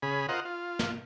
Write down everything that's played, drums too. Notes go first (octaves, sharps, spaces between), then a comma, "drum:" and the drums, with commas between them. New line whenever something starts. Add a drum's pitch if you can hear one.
C#3 G#4 B5
F4 A#4 C5 D#5 F#5
F4
drum: snare